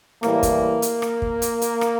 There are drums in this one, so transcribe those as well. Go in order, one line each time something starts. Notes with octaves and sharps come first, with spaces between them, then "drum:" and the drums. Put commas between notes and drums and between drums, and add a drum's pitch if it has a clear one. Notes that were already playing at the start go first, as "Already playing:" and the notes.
A2 E3 G3 A#3, drum: rim click
drum: kick, hi-hat
drum: hi-hat
drum: rim click
drum: kick
drum: hi-hat
drum: hi-hat
drum: rim click